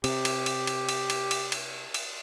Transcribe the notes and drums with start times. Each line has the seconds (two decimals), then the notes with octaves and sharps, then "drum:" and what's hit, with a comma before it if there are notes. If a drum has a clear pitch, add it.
0.04 C3 G4, drum: cymbal
0.25 drum: cymbal
0.46 drum: cymbal
0.67 drum: cymbal
0.89 drum: cymbal
1.10 drum: cymbal
1.31 drum: cymbal
1.52 drum: cymbal
1.94 drum: cymbal